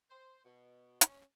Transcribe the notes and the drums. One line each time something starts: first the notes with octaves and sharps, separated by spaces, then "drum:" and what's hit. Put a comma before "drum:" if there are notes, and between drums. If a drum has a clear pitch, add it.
C5
B2
C#4, drum: hi-hat